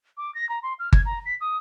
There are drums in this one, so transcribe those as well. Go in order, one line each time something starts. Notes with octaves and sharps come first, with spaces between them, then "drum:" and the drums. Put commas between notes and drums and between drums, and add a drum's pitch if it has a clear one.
D6
A#6
A#5
C6
F6
G#6, drum: kick G1
A#5
B6
D#6